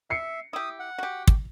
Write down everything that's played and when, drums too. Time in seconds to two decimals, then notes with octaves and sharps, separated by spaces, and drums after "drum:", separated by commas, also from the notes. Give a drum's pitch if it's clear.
0.10 E5 C7 C#7
0.53 E4 G4 D#6
0.79 F#5
0.99 F#4 G4
1.27 drum: kick